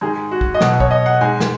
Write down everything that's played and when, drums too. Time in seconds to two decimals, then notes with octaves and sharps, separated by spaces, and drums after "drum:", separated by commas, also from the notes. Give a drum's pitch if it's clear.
0.01 G#2 D#3 G#3 G#4
0.31 F#4
0.41 drum: kick
0.54 D#5
0.61 B2 F#3 F#5, drum: snare
0.80 C#5, drum: kick
0.91 D#5
1.06 F#5
1.20 G#2 G#3 G#5
1.40 drum: snare